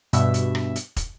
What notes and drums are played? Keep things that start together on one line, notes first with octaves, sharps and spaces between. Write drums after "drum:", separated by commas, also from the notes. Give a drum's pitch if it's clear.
G2 B2 E5, drum: hi-hat
drum: hi-hat
drum: rim click
drum: hi-hat
drum: kick, hi-hat